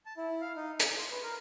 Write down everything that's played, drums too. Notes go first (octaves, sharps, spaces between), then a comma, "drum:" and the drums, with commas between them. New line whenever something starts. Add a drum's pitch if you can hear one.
A5
E4
F5
D#4
G#5, drum: hi-hat
C6
B4
A#4